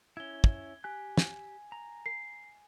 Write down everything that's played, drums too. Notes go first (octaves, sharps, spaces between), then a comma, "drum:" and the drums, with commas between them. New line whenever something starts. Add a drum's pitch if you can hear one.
C#4 E4 G#6 G7
drum: kick
G4 G#5 F#6
drum: snare
A#5
C7